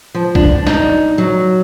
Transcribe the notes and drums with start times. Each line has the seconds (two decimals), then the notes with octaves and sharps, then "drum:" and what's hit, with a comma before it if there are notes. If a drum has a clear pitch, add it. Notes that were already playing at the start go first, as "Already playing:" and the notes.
0.14 F3
0.35 D4, drum: kick
0.67 D#4, drum: snare
1.18 F#3